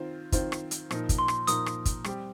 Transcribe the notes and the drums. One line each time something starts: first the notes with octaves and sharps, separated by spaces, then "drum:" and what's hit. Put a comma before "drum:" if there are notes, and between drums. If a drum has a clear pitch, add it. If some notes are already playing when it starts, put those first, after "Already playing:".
Already playing: D#3 C4 F4 C5
D#3 C4 F4 C5, drum: kick, hi-hat
drum: rim click
drum: hi-hat
A#2 F3 D#4 A#4, drum: rim click
drum: kick, hi-hat
C6
drum: rim click
A#2 F3 D#4 A#4 D#6, drum: hi-hat
drum: rim click
drum: kick, hi-hat
G3 C4 G4, drum: rim click